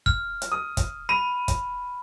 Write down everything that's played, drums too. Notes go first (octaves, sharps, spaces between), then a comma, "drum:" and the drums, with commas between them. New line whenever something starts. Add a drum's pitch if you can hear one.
F6, drum: kick
drum: hi-hat
D#6
drum: kick, hi-hat
B5 D#7
drum: kick, hi-hat